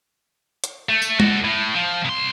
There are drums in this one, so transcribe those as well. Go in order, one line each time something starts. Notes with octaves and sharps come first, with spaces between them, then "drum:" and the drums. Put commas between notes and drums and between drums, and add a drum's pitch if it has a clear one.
drum: hi-hat
A3
drum: tambourine
F#4 A4, drum: tom G#3
A2
F3
C2 C6